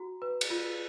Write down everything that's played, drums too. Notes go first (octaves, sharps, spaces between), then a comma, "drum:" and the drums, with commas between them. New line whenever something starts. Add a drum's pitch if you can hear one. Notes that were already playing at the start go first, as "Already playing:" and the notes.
Already playing: F#4 A#5
B4
drum: cymbal
F4